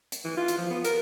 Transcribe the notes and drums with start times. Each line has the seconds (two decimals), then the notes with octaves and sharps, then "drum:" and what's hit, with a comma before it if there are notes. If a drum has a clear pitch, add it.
0.12 drum: hi-hat
0.24 E3
0.37 F4
0.48 drum: hi-hat
0.58 F3
0.70 B3
0.84 A#4, drum: hi-hat